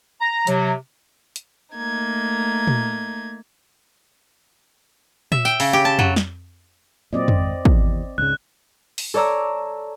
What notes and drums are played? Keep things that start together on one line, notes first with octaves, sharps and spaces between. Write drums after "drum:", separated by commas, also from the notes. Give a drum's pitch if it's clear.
A#5
C3 F#3, drum: hi-hat
drum: hi-hat
A3 A#3 D#4 G#6
drum: tom A#2
E5, drum: tom A#2
G5, drum: tambourine
C#3, drum: open hi-hat
G4
A5
F#3, drum: tom F2
drum: snare
A#2 F#3 C4 D5 D#5
G#1, drum: tom F2
E2 C3, drum: kick
C#2 G#2 C#3 F#6
drum: open hi-hat
A4 C#5 D5 A#5 E6